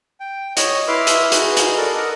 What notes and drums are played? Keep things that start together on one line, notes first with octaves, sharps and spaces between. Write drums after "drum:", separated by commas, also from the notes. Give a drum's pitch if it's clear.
G5
C#5 D#5, drum: hi-hat
E4 B4 E5 C6 D6 F6
drum: hi-hat
D#4 F#4 G#4 B4, drum: hi-hat
drum: hi-hat
A4 A#4 D5
A#4 D#5 F#5 D#6